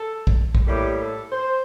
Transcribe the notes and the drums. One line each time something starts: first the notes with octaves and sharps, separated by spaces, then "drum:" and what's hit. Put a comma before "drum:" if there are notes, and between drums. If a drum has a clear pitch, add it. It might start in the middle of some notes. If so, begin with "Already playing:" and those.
Already playing: A4
drum: kick A#1
drum: kick A#1
A2 G3 A#3 G4
A4
C5